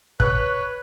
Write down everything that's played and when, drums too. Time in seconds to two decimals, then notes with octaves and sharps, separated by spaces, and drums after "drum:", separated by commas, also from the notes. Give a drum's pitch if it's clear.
0.20 B4 C#5 F#6, drum: kick